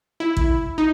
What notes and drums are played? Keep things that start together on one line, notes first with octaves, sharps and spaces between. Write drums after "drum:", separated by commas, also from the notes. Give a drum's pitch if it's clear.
E4
drum: kick
D#4